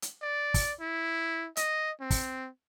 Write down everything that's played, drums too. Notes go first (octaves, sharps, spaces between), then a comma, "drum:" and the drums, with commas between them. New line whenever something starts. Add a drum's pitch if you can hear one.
drum: hi-hat
D5
drum: kick, open hi-hat
E4
D#5, drum: hi-hat
C4
drum: kick, open hi-hat